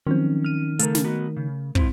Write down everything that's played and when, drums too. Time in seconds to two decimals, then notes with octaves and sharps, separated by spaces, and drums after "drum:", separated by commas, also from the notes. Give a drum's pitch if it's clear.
0.07 D#3 F3 F#3 C4 C#4
0.44 F6 D#7
0.79 C#3 A3 A4 A#4 F5, drum: hi-hat
0.95 drum: snare
1.04 B3 D#4 F#4
1.36 C#3
1.75 G#2 C4 E4 F4, drum: kick